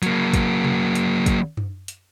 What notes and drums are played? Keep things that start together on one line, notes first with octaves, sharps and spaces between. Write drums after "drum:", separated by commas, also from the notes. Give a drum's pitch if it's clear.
F#3 A#3, drum: hi-hat
drum: kick, hi-hat
drum: tom B2
drum: hi-hat
drum: kick, hi-hat
drum: tom F#2
drum: hi-hat